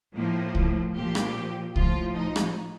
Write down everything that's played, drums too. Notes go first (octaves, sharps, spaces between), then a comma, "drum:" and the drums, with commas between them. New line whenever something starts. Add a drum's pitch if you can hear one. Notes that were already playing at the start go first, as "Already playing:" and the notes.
A2 F3 A#3
drum: kick C2
A#2 F3 G4
drum: rim click
A2 F3 F4, drum: kick C2
D#4
drum: rim click